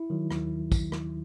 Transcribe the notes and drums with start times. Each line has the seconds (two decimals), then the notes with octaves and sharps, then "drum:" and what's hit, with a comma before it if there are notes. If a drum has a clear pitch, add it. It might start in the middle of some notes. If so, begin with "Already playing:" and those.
Already playing: E4
0.10 D#3 F#3
0.31 D#2, drum: rim click
0.72 drum: kick, tambourine
0.92 drum: rim click